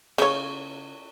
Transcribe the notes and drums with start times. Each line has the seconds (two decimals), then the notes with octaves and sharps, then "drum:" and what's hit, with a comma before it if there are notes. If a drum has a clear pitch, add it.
0.18 C#3 C#5, drum: cymbal